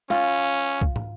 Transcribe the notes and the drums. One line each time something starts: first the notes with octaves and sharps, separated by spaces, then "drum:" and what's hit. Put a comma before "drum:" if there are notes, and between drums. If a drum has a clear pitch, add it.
C#4 F4, drum: snare
drum: kick
drum: tom